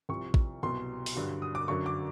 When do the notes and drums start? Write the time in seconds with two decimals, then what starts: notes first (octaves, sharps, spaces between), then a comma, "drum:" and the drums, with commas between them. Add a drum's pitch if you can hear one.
0.09 C2 C3 F3 C#6
0.34 drum: kick A1
0.63 C2 B2 F#3 C6
1.06 drum: open hi-hat
1.16 G2 D3 F#3
1.42 D#6
1.55 D6
1.68 F#2 D3 F#3 C#6
1.86 D6